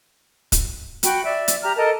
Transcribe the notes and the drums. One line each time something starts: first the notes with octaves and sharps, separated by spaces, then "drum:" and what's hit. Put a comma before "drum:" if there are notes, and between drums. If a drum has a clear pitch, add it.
drum: kick, hi-hat
F#4 G5 B5, drum: hi-hat
D5 E5
drum: hi-hat
G4 A#5 F6
A4 A#4 D#5 A5